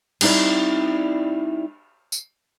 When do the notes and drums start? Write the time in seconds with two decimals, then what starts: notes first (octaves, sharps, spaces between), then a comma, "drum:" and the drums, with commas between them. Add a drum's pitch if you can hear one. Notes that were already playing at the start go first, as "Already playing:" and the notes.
0.21 G3 C4 D#4 E4 D5, drum: cymbal
2.12 drum: tambourine